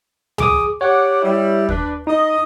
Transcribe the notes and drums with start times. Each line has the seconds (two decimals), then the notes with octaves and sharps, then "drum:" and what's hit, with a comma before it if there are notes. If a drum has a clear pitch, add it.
0.38 G#4 D6 D#6, drum: tom
0.81 G4 C#5 D5 F#5
1.22 G3 E4
1.69 D4 B4, drum: kick
2.07 D#4 D#5